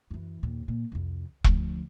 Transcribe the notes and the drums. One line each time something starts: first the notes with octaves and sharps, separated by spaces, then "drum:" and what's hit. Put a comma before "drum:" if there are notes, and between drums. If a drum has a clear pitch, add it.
F#2 E3
D#2 A#2
A#2
C2 F2
D2 F3, drum: kick E1